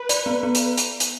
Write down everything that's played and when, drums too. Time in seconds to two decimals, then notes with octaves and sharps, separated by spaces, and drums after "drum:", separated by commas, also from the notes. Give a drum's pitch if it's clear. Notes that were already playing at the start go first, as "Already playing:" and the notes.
Already playing: B4
0.09 D5, drum: hi-hat
0.26 B3
0.43 B3
0.55 drum: hi-hat
0.77 drum: hi-hat
1.00 drum: hi-hat